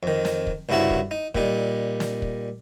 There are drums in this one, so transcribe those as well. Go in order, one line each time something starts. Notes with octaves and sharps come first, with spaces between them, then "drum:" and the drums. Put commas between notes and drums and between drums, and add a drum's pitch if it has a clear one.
F2 D#3
drum: snare
drum: kick
C2 G2 C#3 E4 F#4 A5
drum: kick
D#4
A#2 G3 D#4, drum: kick
drum: snare
drum: kick